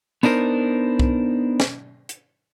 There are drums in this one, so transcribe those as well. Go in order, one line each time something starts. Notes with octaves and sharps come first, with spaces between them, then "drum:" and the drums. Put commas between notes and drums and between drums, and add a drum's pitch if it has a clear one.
B3 D4 D#4 A#4 C5, drum: tambourine
drum: kick C2
drum: snare
drum: hi-hat